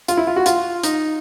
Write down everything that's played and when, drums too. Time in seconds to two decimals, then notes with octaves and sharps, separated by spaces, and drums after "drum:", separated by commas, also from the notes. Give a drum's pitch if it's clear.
0.08 F4, drum: hi-hat
0.17 E4
0.27 F4
0.36 F#4
0.46 F4, drum: hi-hat
0.83 D#4, drum: hi-hat